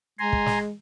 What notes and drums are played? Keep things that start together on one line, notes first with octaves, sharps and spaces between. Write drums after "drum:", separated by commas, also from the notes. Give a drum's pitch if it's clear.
G#3 G#5 A#5 C6
drum: kick
drum: snare